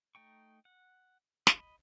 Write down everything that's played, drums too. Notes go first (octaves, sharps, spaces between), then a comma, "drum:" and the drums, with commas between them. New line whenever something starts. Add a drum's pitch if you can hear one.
A3 D#4 G5 C#6
F#5
D#5 B5, drum: snare